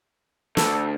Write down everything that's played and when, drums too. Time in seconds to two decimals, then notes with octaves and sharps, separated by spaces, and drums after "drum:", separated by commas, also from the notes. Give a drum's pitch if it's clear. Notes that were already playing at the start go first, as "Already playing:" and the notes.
0.57 D2 A4, drum: snare